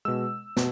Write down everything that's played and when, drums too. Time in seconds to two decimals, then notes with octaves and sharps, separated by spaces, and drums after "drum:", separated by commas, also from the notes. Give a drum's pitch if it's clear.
0.05 B2 G#3 E6
0.57 B2, drum: snare